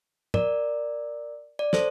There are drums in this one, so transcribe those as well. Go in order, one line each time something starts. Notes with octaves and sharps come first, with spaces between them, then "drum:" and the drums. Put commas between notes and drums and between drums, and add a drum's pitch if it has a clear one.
A#4 D5, drum: tom G#2
D5
A4 C5, drum: snare